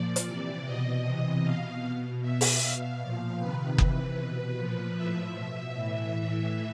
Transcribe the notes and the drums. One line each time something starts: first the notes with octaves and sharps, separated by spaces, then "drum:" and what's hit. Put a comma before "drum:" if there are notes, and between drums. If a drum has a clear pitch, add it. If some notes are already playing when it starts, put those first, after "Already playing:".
Already playing: A#2 F3 D5
drum: hi-hat
C3 E3 D5
B2 D#5
C3 E3
B2 F5
B2
B2 E5
drum: open hi-hat
B2 F5
A#2 F3
C3 D#3 B4
C3 E3, drum: kick F#1
B2
A#2 F3
A2 F3 E5
B2
A2 E3
A2 E3